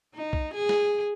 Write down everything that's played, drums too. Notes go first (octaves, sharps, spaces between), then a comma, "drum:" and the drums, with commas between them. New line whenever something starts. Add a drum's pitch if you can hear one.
D#4
drum: kick B1
G#4
drum: snare